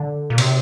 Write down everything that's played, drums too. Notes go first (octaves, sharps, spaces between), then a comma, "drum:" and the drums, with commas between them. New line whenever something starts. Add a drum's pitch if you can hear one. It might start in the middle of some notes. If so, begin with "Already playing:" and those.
Already playing: D3
A#2
C3, drum: cymbal